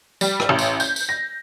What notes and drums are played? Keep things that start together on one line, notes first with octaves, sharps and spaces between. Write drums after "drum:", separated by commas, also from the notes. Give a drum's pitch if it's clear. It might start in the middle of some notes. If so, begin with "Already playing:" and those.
G3, drum: tambourine
drum: rim click
A1
drum: tambourine
G6, drum: tambourine
drum: tambourine
A#6